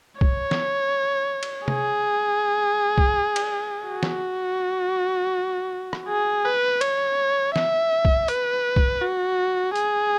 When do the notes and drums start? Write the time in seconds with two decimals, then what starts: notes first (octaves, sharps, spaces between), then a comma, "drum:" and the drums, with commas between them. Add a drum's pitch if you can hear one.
0.21 C#5, drum: kick
0.51 drum: snare
1.43 drum: cymbal
1.68 G#4, drum: tom C3
2.98 drum: kick
3.36 drum: cymbal
3.88 F#4
4.03 drum: snare
5.93 drum: rim click
6.09 G#4
6.46 B4
6.81 C#5, drum: cymbal
7.56 E5, drum: snare
8.05 drum: kick
8.28 B4, drum: hi-hat
8.76 drum: kick
9.02 F#4
9.76 G#4, drum: hi-hat